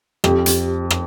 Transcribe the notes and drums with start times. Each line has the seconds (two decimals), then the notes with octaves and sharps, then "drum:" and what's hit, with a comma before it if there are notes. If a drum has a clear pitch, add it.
0.24 F2 G4, drum: rim click
0.46 drum: hi-hat
0.90 drum: rim click